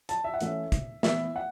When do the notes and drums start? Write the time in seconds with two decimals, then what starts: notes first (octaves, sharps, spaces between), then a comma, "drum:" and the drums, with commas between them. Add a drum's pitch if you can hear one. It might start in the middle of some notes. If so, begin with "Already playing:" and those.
0.09 A5, drum: hi-hat
0.24 E5
0.34 F#5
0.41 E3 A3 C#4 E5, drum: hi-hat
0.72 drum: kick, hi-hat
1.03 E3 B3 E4 E5, drum: snare
1.36 F#5